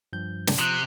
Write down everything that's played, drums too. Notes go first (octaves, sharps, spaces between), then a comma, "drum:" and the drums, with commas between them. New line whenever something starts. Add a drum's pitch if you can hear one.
G2 F3 G6
drum: snare
C3 F3 D#6 F#6